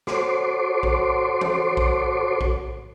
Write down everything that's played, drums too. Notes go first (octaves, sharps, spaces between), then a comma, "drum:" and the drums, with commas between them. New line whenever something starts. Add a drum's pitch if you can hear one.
F#4 A4 C5 C#5 C6 D6, drum: snare
drum: kick A#1
drum: tom E3
drum: kick A#1
drum: kick A#1